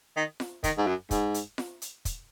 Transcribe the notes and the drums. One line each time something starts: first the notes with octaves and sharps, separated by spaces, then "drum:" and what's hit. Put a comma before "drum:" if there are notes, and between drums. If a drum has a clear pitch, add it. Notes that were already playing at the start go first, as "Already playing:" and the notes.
D#3
drum: snare F4
D#3, drum: kick, hi-hat
G#2
F#2
G#2, drum: kick, hi-hat
drum: hi-hat
drum: snare F4
drum: hi-hat
drum: kick, hi-hat